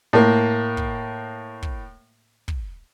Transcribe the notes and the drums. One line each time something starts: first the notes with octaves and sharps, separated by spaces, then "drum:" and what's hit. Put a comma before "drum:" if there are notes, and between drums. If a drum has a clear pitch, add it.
A2 A#3
drum: kick
drum: kick
drum: kick